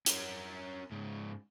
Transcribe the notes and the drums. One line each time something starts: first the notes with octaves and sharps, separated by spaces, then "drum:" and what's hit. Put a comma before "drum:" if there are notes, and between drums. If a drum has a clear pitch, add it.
C#4 A#4, drum: hi-hat
G#2 C#3